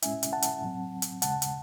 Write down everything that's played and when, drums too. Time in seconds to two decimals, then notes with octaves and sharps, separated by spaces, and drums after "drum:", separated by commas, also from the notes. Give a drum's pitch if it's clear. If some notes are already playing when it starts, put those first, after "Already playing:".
0.02 A2 G#3 C#4 E4 E5 G#5, drum: hi-hat
0.23 drum: hi-hat
0.33 F#5 A5
0.42 drum: hi-hat
0.62 A2 F#3 C4
1.02 drum: hi-hat
1.22 D#2 C#3 G#3 F#5 A5, drum: hi-hat
1.42 drum: hi-hat